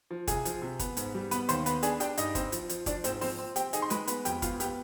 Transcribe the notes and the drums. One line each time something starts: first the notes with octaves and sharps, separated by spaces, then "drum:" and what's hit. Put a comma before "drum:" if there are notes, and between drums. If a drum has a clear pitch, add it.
F3
C2 G#4 G#5, drum: kick, hi-hat
F3, drum: hi-hat
C3
B3, drum: kick, hi-hat
G#2, drum: hi-hat
G3
B3 B4 B5, drum: hi-hat
D#2 C5 C6, drum: hi-hat
B3 B4 B5, drum: hi-hat
D4 G#4 G#5, drum: hi-hat
D4 G4 G5, drum: hi-hat
G2 D#4 D#5, drum: hi-hat
C4, drum: kick, hi-hat
F3, drum: hi-hat
F3, drum: hi-hat
F3 D4 D5, drum: kick, hi-hat
G#2 C4 C5, drum: hi-hat
F3 C4 C5, drum: open hi-hat
C4
C4 G4 G5, drum: hi-hat
D#4 G#4 G#5, drum: hi-hat
C6
G#3 B4 B5, drum: hi-hat
B3 B4 B5, drum: hi-hat
F2 G4 G5, drum: hi-hat
B3 F4 F5, drum: kick, hi-hat
B3 G4, drum: hi-hat